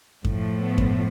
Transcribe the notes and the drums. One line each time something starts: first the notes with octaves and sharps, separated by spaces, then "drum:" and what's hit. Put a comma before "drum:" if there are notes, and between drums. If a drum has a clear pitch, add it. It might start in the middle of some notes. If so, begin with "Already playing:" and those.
A2 F3, drum: kick F#2
A3 B3
drum: kick F#2